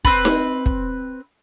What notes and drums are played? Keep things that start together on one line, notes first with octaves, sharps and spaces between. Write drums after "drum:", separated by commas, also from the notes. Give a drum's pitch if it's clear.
C4 B4, drum: kick
drum: snare D#4
drum: kick